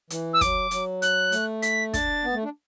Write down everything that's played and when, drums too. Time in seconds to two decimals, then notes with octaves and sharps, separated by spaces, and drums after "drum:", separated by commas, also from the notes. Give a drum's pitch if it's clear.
0.10 E3, drum: hi-hat
0.33 E6
0.41 F#3 D6, drum: kick, hi-hat
0.71 F#3, drum: hi-hat
1.02 F#6, drum: hi-hat
1.32 A3, drum: hi-hat
1.62 B6, drum: hi-hat
1.94 D4 A6, drum: kick, hi-hat
2.24 B3
2.33 A3
2.44 D4